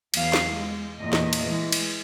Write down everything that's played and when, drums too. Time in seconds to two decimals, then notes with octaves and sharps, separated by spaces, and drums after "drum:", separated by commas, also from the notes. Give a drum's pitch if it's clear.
0.14 E2 F#3 F5, drum: cymbal
0.34 drum: snare
0.49 G#3
1.00 E2 A#2 D#5
1.13 drum: snare
1.33 drum: cymbal
1.45 E3 G#3
1.72 drum: cymbal